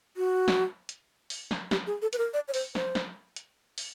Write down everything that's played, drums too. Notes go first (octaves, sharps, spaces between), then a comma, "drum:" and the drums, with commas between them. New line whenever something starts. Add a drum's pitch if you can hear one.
F#4
drum: snare
drum: hi-hat
drum: open hi-hat
drum: snare
G4, drum: snare
G#4
A4
B4, drum: hi-hat
A#4
D5
C#5
C5, drum: open hi-hat
C5, drum: snare
drum: snare
drum: hi-hat
drum: open hi-hat